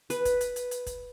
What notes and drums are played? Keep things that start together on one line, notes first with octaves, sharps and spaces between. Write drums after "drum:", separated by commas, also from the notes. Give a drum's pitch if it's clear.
B4, drum: hi-hat
drum: kick, hi-hat
drum: hi-hat
drum: hi-hat
drum: hi-hat
drum: kick, hi-hat